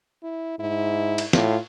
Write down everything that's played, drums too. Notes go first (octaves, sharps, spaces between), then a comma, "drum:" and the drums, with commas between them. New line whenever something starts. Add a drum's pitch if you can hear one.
E4
G#2 E4
drum: cymbal
A2 F4, drum: snare